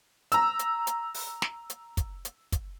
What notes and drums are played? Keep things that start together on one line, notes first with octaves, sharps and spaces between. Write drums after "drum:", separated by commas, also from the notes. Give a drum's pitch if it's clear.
A#5 E6, drum: hi-hat
drum: hi-hat
drum: hi-hat
drum: open hi-hat
drum: snare
drum: hi-hat
drum: kick, hi-hat
drum: hi-hat
drum: kick, hi-hat